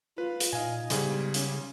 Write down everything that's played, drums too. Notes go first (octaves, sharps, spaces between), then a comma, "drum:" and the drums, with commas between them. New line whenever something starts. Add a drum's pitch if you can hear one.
F4 B4
drum: hi-hat
A#2 D#4 D#5 F5 G#5
G#2 C#3 G3 B3 G#4, drum: hi-hat
C#4, drum: hi-hat